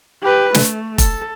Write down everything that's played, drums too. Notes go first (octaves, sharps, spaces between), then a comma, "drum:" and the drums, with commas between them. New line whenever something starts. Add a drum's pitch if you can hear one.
G4 B4
A3, drum: snare
A4, drum: kick F1, hi-hat